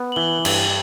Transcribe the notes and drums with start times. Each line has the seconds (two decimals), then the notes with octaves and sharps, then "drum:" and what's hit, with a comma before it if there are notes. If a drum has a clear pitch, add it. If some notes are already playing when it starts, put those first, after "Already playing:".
Already playing: B3
0.12 F#7
0.16 E3 G7
0.45 G2 F#7, drum: cymbal